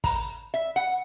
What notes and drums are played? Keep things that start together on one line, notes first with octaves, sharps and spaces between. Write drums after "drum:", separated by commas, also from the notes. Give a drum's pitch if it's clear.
A#5, drum: kick, open hi-hat
E5
F#5